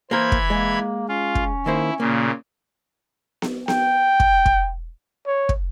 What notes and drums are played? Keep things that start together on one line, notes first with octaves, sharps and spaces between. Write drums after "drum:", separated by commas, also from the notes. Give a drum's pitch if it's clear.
E3 A#3 A#4 C5 B5 G#6
drum: kick
G#3 A#3
C#4 F4
drum: kick
D#3 A#3 E4 C5
A#2 C#3 A#3
drum: snare B3
G5, drum: snare B3
drum: kick
drum: kick
C#5
drum: kick